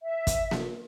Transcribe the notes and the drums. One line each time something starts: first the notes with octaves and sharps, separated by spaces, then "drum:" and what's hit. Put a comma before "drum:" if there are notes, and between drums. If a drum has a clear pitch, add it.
E5
drum: kick, hi-hat
drum: snare A#3